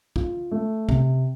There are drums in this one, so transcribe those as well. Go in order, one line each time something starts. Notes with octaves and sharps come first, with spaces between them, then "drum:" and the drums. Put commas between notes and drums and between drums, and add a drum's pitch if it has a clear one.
F4, drum: kick
A3
C3, drum: kick